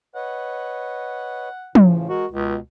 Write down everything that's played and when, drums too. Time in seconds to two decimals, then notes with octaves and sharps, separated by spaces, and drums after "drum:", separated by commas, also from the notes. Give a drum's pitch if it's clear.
0.15 B4 C#5 D#5 F#5
1.75 A2 C#3 F3, drum: tom
2.09 G#3 F#4 A#4 D#5
2.32 C#2 B2